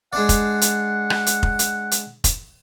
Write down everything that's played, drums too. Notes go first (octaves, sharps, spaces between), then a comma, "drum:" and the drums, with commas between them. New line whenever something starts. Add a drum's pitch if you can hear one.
G#3 D4 D5 F#5
drum: kick F1, hi-hat
drum: hi-hat
drum: rim click
drum: hi-hat
drum: kick F1
drum: hi-hat
drum: hi-hat
drum: kick F1, hi-hat